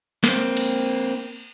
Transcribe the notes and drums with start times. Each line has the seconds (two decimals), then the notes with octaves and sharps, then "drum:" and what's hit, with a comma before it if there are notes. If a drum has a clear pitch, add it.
0.24 A#3 C4, drum: snare
0.57 drum: cymbal